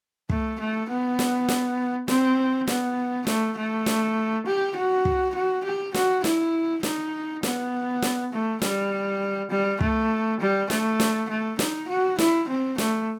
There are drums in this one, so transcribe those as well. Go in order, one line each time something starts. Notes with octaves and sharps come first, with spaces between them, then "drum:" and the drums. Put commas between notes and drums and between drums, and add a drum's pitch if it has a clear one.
A3, drum: kick
A3
B3
drum: snare
drum: snare
C4, drum: snare
B3, drum: snare
A3, drum: snare
A3
drum: snare
G4
F#4
drum: kick
F#4
G4
F#4, drum: snare
E4, drum: snare
D#4, drum: snare
B3, drum: snare
drum: snare
A3
G3, drum: snare
G3
A3, drum: kick
G3
A3, drum: snare
drum: snare
A3
D#4, drum: snare
F#4
E4, drum: snare
C4
A3, drum: snare